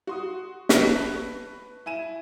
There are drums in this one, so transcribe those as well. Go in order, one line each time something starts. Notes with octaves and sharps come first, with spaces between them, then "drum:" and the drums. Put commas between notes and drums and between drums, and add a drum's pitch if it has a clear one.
F#4 C6 D#6
B4 A5 C#6 F#6 A#6 B6, drum: snare
E4 G#5 D#7 E7